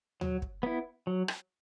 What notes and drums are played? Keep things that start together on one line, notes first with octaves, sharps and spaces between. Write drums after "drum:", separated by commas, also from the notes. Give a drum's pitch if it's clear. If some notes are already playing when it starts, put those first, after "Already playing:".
F#3, drum: tom D2
drum: kick
B3 E4
F#3
drum: rim click